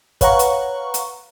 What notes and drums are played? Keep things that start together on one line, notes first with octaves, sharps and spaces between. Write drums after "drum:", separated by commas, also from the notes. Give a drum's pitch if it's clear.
B4 C#5 F5 F#5 A#5 C#6, drum: kick, hi-hat
drum: hi-hat
drum: hi-hat